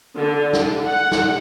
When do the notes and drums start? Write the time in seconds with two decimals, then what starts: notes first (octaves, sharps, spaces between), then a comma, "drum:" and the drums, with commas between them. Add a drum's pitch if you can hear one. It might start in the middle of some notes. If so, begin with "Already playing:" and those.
0.16 D3
0.53 drum: snare
0.87 F#5
1.12 drum: snare